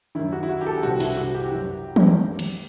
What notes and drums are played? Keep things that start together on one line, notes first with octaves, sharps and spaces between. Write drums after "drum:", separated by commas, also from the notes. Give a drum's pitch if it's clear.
F#2 D#3 E4
F#4
E4
F#4
G4
A4
C2 C3 E3 F#4
E4, drum: open hi-hat
F#4
G4
F#2 E3
drum: tom
F#2 D#3
drum: cymbal